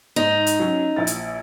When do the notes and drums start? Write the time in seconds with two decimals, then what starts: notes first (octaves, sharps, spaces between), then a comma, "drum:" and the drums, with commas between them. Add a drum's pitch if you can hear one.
0.16 G#2 D#4
0.47 drum: hi-hat
0.60 F#3 C#4
0.96 A#1 E4 A6
1.07 drum: hi-hat